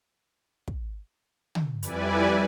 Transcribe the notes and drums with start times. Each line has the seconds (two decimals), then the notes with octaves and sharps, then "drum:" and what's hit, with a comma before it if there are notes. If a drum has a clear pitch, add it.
0.68 drum: kick
1.55 drum: tom
1.83 F2 G3 E4 B4 D5 G#5, drum: hi-hat